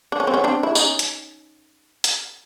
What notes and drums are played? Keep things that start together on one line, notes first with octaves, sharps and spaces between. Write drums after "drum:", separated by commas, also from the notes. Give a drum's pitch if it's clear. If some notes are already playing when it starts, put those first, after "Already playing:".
D4
C#4
C4
B3 C#4
C4 D4
E4
C#4 D#4, drum: tambourine
drum: hi-hat
drum: hi-hat